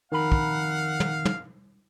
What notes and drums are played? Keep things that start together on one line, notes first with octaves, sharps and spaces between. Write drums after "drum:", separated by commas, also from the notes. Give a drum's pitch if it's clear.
F2 D#3 A#4 F5 F#5 B5
drum: kick
drum: tom
drum: tom